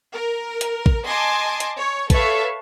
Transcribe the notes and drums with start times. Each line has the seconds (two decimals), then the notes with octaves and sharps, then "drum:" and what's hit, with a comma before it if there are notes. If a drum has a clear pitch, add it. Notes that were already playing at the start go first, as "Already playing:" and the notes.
0.13 A#4
0.61 drum: hi-hat
0.86 drum: kick
1.05 D#5 G#5 A5 C6 D6
1.60 drum: hi-hat
1.78 C#5
2.10 A4 B4 C#5 E5 F5, drum: kick, hi-hat